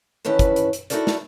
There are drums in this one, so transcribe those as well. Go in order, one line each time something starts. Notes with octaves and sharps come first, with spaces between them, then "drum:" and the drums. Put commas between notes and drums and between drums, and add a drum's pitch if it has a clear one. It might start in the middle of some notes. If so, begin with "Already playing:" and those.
D#3 E3 C#4 B4 A5
drum: kick, hi-hat
drum: hi-hat
drum: hi-hat
D#4 E4 F#4 A4 A#4 D5, drum: hi-hat
drum: snare